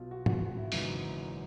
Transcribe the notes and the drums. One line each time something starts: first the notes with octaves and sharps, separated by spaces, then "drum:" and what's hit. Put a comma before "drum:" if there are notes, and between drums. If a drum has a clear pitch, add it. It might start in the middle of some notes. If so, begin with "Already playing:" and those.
Already playing: B1 B2 F4
F#4
F#4, drum: tom
E4
G#1 F#2 C#3 E3 D#4, drum: open hi-hat